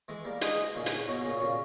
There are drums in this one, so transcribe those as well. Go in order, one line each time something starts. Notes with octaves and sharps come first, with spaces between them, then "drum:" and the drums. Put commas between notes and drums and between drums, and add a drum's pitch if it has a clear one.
E3 G#3
G3 A#3
E3 G#3 D#5, drum: hi-hat
A#2 C#3
drum: hi-hat
G#2 B2 C#5
A#2 C#3
A#2 C#3